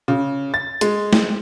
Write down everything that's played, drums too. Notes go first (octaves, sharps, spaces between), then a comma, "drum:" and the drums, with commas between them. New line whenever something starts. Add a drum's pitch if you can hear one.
C#3
A6
G#3, drum: hi-hat
drum: snare